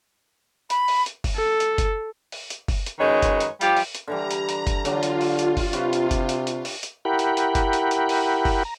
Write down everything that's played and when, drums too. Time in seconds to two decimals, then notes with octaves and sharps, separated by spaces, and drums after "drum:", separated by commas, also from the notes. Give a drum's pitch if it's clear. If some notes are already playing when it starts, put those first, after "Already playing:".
0.70 B5, drum: hi-hat
0.88 drum: open hi-hat
1.06 drum: hi-hat
1.24 drum: kick F#1, open hi-hat
1.35 A4
1.60 drum: hi-hat
1.78 drum: kick F#1, hi-hat
2.32 drum: open hi-hat
2.50 drum: hi-hat
2.68 drum: kick F#1, open hi-hat
2.86 drum: hi-hat
2.99 F#2 D#3 G#3 D#4 B4 C#5
3.22 drum: kick F#1, hi-hat
3.40 drum: hi-hat
3.61 F3 G3 F4 G4, drum: hi-hat
3.77 drum: open hi-hat
3.95 drum: hi-hat
4.08 D3 E3 G3 A#5
4.31 drum: hi-hat
4.49 drum: hi-hat
4.67 drum: kick F#1, hi-hat
4.85 D3 F#3 D4 F4 G4, drum: hi-hat
5.03 drum: hi-hat
5.21 drum: open hi-hat
5.39 drum: hi-hat
5.57 drum: kick F#1, open hi-hat
5.73 C3 F#4 G4 B4, drum: hi-hat
5.93 drum: hi-hat
6.11 drum: kick F#1, hi-hat
6.29 drum: hi-hat
6.47 drum: hi-hat
6.65 drum: open hi-hat
6.83 drum: hi-hat
7.05 E4 G4 A#4 F#5 G5 B5
7.19 drum: hi-hat
7.37 drum: hi-hat
7.55 drum: kick F#1, hi-hat
7.73 drum: hi-hat
7.91 drum: hi-hat
8.09 drum: open hi-hat
8.45 drum: kick F#1, open hi-hat
8.65 A#5